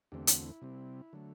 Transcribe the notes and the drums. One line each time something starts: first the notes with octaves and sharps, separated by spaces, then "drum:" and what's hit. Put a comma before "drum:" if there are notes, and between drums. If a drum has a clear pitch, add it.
E2 D3 A3 C4 G4
F#4, drum: hi-hat
E4
C3 G3 C4
D3 F#3 A3